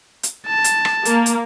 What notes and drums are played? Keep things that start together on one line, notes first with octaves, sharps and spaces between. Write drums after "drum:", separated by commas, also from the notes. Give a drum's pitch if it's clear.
drum: hi-hat
A5
drum: hi-hat
drum: rim click
A#3, drum: hi-hat
drum: hi-hat